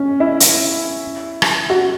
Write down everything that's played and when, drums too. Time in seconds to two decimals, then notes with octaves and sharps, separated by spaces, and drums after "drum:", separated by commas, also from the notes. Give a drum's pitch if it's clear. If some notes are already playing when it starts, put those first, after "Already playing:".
Already playing: C#4
0.20 E4
0.40 drum: hi-hat
1.42 drum: rim click
1.70 F#4